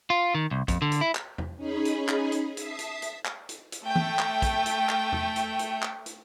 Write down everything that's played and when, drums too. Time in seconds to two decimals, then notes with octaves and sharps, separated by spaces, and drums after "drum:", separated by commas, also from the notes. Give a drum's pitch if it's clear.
0.10 F4
0.35 D#3
0.51 C2
0.68 F2, drum: kick, hi-hat
0.82 D3
0.92 drum: hi-hat
1.01 E4
1.15 drum: clap
1.38 drum: tom E2
1.57 C#4 D#4 G#4 B5
1.85 drum: hi-hat
2.09 drum: clap
2.32 drum: hi-hat
2.57 E5 A5 D#6 B6 C7, drum: hi-hat
2.79 drum: hi-hat
3.02 drum: hi-hat
3.25 drum: clap
3.49 drum: hi-hat
3.72 drum: hi-hat
3.86 A3 G5
3.96 drum: tom
4.19 drum: clap
4.42 drum: kick, hi-hat
4.66 drum: hi-hat
4.89 drum: clap
5.12 drum: tom E2
5.36 drum: hi-hat
5.59 drum: hi-hat
5.83 drum: clap
6.06 drum: hi-hat